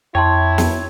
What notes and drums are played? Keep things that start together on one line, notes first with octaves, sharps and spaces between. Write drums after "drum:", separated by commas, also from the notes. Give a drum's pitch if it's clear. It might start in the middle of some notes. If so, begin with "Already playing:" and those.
F2 E4 C#5 G5 A5 C6
drum: snare